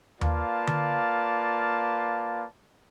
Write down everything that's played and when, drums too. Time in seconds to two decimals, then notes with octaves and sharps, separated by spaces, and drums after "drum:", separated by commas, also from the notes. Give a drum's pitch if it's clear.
0.21 A#3 F4 B4 D5 F5 A5, drum: tom D#2
0.67 drum: tom D3